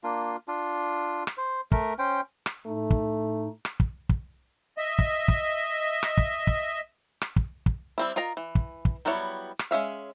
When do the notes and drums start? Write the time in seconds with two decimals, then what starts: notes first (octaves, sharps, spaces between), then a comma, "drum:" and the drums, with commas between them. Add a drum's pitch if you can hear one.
0.04 A#3 D4 F4
0.48 D4 F4
1.27 drum: rim click
1.38 C5
1.72 A3 A#4, drum: kick
1.99 C#4 C5 G5
2.46 drum: rim click
2.66 A2 A3 D#4
2.90 drum: kick
3.65 drum: rim click
3.80 drum: kick
4.09 drum: kick
4.78 D#5 E5
4.99 drum: kick
5.28 drum: kick
6.03 drum: rim click
6.17 drum: kick
6.47 drum: kick
7.22 drum: rim click
7.36 drum: kick
7.66 drum: kick
7.98 G3 C4 E4
8.16 F4 A#4 D#5 A#5
8.37 E3
8.55 drum: kick
8.85 drum: kick
9.05 F#3 G3 B3 E4 C#5
9.59 drum: rim click
9.71 G#3 C#4 E5 F5